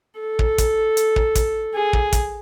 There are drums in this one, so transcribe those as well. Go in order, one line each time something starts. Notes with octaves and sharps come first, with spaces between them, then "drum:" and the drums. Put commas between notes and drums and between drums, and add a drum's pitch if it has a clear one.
A4
drum: kick
drum: kick, hi-hat
drum: hi-hat
drum: kick
drum: kick, hi-hat
G#4
drum: kick
drum: kick, hi-hat